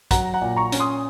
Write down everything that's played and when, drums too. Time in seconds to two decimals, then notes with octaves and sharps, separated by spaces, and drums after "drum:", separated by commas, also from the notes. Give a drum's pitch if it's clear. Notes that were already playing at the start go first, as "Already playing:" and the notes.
0.11 F#3 F#5 A#5, drum: kick, hi-hat
0.34 F#5 A#5
0.42 A#2
0.56 A#5 C#6
0.72 C#4, drum: hi-hat
0.79 C6 D#6